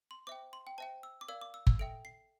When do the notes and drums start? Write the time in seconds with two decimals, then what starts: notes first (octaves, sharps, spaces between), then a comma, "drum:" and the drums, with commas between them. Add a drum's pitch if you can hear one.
0.11 C6
0.27 C5 E5 G5 D6
0.53 C6
0.67 G5
0.78 C5 E5 G5 A5
1.03 E6
1.21 D6
1.28 A#4 D5 F5 E6
1.41 D6
1.54 E6
1.67 E6, drum: kick
1.79 A4 E5 G5 D7
2.05 C7